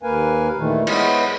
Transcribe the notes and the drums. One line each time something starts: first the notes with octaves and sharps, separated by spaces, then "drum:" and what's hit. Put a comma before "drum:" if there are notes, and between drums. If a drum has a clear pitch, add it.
D#2 A#3 A#4 B4 F5 G#5
A#2 D#3 E3 A3
G#3 B3 E4 C5 C#5 D#5, drum: cymbal